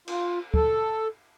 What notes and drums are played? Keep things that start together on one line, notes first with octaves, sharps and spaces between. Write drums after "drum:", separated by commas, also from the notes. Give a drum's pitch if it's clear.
F4, drum: cymbal
A4, drum: kick D2